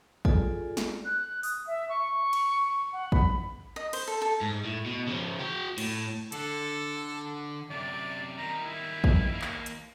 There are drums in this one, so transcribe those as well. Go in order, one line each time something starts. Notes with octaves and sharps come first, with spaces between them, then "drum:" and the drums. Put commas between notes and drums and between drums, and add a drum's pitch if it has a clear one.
F4 G#4 A4 D5 G#5, drum: kick A1
drum: snare
F#6
D#6, drum: open hi-hat
E5
C#6
drum: cymbal
C#6
F#5
B5, drum: kick A1
D#5
C5, drum: cymbal
A4
A4
G#2
A2
B2
C#3 F3
F#4 G5
A2, drum: cymbal
D3 A4, drum: hi-hat
F#2 C3 D5
D#3 G3 A#5
E4
drum: kick A1
D#2 A#3
drum: clap
drum: hi-hat